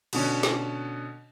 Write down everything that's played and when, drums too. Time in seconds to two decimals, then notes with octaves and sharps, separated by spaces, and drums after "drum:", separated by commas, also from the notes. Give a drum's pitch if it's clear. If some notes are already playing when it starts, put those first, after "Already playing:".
0.13 B2 D3 C#4, drum: cymbal
0.43 drum: snare